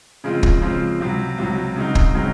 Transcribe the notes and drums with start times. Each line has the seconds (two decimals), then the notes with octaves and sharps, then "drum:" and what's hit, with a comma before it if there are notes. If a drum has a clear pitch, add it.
0.24 C#3 F3 G#3 C4 F4
0.43 drum: kick
0.62 C#3 F3 G#3 C4 F4
1.00 C#2 C3 F#3
1.38 C#2 C3 F#3
1.76 C#3 F#3 C4 D#4
1.95 drum: kick
2.14 C#3 F#3 C4 D#4